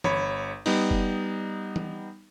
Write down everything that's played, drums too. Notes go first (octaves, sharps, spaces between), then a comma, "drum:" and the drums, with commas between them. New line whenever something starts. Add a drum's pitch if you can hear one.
G1 C#5 B5, drum: tom E3
G3 B3 D#4, drum: open hi-hat
drum: kick
drum: tom E3